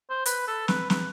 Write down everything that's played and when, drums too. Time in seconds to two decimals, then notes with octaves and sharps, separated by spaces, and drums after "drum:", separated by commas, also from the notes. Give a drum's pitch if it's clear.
0.10 C5
0.26 B4, drum: hi-hat
0.48 A4
0.68 B4, drum: snare
0.90 B4, drum: snare